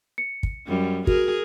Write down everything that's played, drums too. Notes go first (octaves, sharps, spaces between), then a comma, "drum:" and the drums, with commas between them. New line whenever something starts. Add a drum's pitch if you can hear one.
C#7
drum: kick
F#2 G3
F#4 G#4 A#4, drum: kick